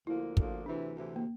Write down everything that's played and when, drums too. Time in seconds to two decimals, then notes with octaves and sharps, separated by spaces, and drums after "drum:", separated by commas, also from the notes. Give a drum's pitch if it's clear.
0.07 D2 D3 F3 A#3 E4
0.37 D2 D3 F3 A#3, drum: kick
0.66 D2 C3 E3 D4
0.95 D2 C3 E3
1.16 A#3